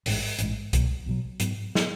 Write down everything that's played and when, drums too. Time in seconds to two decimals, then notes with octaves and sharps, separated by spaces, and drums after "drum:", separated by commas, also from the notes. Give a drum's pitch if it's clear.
0.06 A1 G#2 G#3, drum: open hi-hat
0.39 A1 G#2 G#3, drum: hi-hat
0.73 B1 B2 F#3, drum: kick C2, hi-hat
1.06 B1 B2 F#3
1.40 G#2 F#3 B3, drum: hi-hat
1.75 F#3 B3, drum: snare